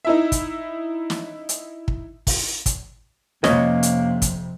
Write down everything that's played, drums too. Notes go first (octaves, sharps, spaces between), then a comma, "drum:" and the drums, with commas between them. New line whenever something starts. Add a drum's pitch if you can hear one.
D#4 E4 E5
drum: kick, hi-hat
drum: snare
drum: hi-hat
drum: kick
drum: kick, open hi-hat
drum: kick, hi-hat
F2 C3 A#3 C#4 C#5 D#5, drum: snare
drum: hi-hat
drum: kick, hi-hat